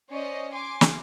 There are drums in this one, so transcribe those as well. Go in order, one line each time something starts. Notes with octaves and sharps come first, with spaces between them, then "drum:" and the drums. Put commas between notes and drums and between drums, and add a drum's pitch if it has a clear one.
C#4 C5 D5 D#5
G#5 C6 D6
drum: snare